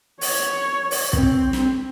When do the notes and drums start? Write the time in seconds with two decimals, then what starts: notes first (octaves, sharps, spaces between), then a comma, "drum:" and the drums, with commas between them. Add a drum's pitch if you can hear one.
0.21 C#5, drum: open hi-hat
0.91 drum: open hi-hat
1.13 C4, drum: kick
1.53 drum: snare